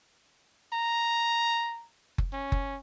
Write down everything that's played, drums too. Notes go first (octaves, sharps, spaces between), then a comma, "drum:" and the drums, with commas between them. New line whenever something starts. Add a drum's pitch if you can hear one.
A#5
drum: kick F#1
C#4
drum: kick F#1